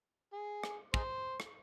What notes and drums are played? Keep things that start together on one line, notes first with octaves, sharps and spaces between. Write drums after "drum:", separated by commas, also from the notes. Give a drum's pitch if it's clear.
G#4
drum: rim click
D#4 G#4 C5, drum: kick
drum: rim click